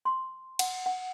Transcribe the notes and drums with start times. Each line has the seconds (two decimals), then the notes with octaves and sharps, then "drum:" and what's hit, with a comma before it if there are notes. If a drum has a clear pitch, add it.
0.05 C6
0.59 F#5, drum: cymbal
0.86 F#5